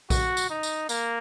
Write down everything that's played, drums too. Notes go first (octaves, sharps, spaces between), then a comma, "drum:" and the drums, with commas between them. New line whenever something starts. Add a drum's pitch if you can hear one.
F#4, drum: kick A#1, tambourine
drum: tambourine
D#4
drum: tambourine
A#3, drum: tambourine